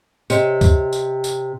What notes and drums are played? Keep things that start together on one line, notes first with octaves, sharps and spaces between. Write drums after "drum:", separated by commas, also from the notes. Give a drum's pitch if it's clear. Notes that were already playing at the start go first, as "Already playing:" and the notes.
C3 C#5 D#5, drum: tambourine
drum: kick C#2, tambourine
drum: tambourine
drum: tambourine